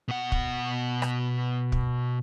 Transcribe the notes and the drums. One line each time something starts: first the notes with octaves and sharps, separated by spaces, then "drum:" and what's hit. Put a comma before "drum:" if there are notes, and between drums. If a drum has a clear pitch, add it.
B2 F#5
drum: kick
drum: rim click
drum: kick